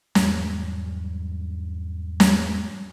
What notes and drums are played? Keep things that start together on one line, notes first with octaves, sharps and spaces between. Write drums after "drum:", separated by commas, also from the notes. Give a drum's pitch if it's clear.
E2 G#2 F#3 G3, drum: snare
drum: snare